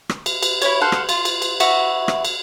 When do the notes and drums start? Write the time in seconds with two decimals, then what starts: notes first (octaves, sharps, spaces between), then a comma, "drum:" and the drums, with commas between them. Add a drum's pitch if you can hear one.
0.09 drum: rim click
0.26 drum: cymbal
0.43 drum: cymbal
0.62 E4 F#4 C#5, drum: cymbal
0.81 A4 C5 F5 F#5
0.92 drum: rim click
1.09 F4, drum: cymbal
1.25 drum: cymbal
1.42 drum: cymbal
1.60 E4 F#4 E5, drum: cymbal
2.08 drum: rim click
2.25 drum: cymbal